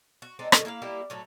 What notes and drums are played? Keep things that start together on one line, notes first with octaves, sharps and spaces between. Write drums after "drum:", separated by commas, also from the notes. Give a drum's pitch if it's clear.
F#4
G#3 C4 D4 D#4
B2 D3 F#3 G#3, drum: rim click
A#3 E4 E5 F5
G3 A#3 E4 G4
A2 F#3 A3